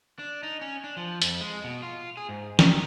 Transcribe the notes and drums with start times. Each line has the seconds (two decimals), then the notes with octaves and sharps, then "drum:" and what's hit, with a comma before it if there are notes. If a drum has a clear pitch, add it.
0.19 D4
0.43 D#4
0.61 C#4
0.84 D4
0.97 F3
1.22 F2, drum: hi-hat
1.41 G#3
1.64 B2
1.82 F4
2.17 G#4
2.29 G#2
2.59 D#3, drum: snare